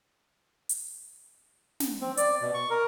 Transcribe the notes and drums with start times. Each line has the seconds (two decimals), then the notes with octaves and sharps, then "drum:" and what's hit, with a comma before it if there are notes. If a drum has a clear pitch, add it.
0.69 drum: hi-hat
1.80 drum: snare
2.01 C4
2.17 D5, drum: hi-hat
2.41 B2
2.54 C#6
2.70 A#4